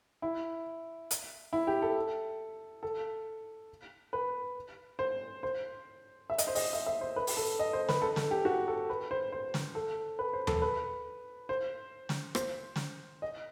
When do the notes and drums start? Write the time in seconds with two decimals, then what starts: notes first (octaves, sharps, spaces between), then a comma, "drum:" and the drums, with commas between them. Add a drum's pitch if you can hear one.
0.22 E4
1.11 drum: hi-hat
1.53 E4
1.67 G4
1.82 A4
2.83 A4
4.13 B4
4.99 C5
5.43 C5
6.30 E5
6.38 D#5, drum: hi-hat
6.47 C5
6.55 D#5, drum: open hi-hat
6.73 E5
6.86 E5
7.01 C5
7.16 B4
7.27 drum: open hi-hat
7.37 A4
7.59 D#5
7.73 C5
7.89 B4, drum: snare
8.02 A4
8.16 A4, drum: snare
8.31 G4
8.45 F#4
8.68 A4
8.90 B4
9.11 C5
9.32 C5
9.54 drum: snare
9.75 A4
10.19 B4
10.33 C5
10.47 A4, drum: tom D#2
10.62 B4
11.49 C5
12.09 drum: snare
12.35 C5, drum: rim click
12.76 drum: snare
13.22 D#5